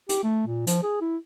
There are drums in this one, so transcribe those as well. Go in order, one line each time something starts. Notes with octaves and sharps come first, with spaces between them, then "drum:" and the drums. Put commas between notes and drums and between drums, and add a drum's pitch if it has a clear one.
G4, drum: hi-hat
A3
A#2
F3, drum: hi-hat
G#4
E4